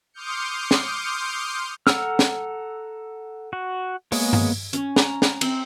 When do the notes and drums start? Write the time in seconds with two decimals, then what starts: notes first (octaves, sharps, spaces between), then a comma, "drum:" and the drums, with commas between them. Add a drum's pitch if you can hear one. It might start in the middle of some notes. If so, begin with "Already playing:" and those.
0.13 C6 D6 D#6 F6 G6 C#7
0.71 drum: snare
1.87 A4 F#5 A#5 E6 F6, drum: snare
2.19 drum: snare
3.53 F#4
4.12 G#3 A#3 B3 G#4 C#5, drum: open hi-hat
4.33 drum: tom G2
4.73 C#4, drum: hi-hat
4.96 A#5, drum: snare
5.22 A#5, drum: snare
5.41 C4, drum: cymbal